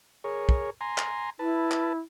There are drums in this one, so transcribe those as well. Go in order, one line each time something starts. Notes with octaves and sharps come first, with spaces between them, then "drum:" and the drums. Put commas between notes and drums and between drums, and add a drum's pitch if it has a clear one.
G#4 A#4 C#5
drum: kick
G#5 A#5 C6
drum: clap
E4 B4 A5
drum: clap